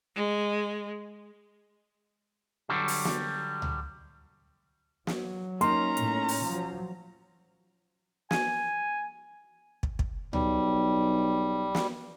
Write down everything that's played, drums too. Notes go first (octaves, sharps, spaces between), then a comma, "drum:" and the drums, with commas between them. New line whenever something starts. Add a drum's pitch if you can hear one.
G#3
D3 F#3 G3
drum: open hi-hat
drum: snare
drum: tom C#2
F#3, drum: snare
A#3 C#4 D#4 A#5 C6, drum: hi-hat
A2, drum: hi-hat
drum: open hi-hat
F3 F#3
G#5, drum: snare
drum: kick
drum: kick
B1 G3, drum: tom C#2
drum: snare